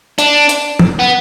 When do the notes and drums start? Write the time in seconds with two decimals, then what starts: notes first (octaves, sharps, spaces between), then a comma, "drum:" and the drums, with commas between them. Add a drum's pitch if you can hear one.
0.19 D4, drum: hi-hat
0.49 drum: hi-hat
0.79 drum: tom E3
0.99 B3